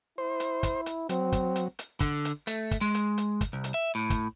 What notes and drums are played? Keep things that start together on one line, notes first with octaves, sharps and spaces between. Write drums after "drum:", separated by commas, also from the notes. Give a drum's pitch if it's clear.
E4 C5
drum: hi-hat
drum: kick, hi-hat
drum: hi-hat
F#3 C4, drum: hi-hat
drum: kick, hi-hat
drum: hi-hat
drum: hi-hat
D3, drum: kick, hi-hat
drum: hi-hat
A3, drum: hi-hat
drum: kick, hi-hat
G#3
drum: hi-hat
drum: hi-hat
drum: kick, hi-hat
C2
drum: hi-hat
E5
A2
drum: kick, hi-hat